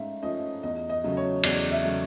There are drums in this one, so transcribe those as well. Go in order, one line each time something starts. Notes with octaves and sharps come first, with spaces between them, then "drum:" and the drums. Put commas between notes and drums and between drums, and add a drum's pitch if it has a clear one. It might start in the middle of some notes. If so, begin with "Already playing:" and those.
Already playing: G#2 A3 C#4 E5 F5
F3 A3 C#4 D#5
E2 D#5
D#5
C#3 F#3 A3
C#5
E2 D5, drum: cymbal
E5
C#3 F#3 A3